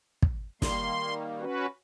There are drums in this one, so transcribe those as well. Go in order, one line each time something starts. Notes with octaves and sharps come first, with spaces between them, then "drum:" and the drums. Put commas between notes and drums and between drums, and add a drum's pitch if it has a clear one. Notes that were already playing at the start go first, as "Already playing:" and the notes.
drum: kick
D#3 G3 A#3 C6, drum: snare
C#4 F#4 B4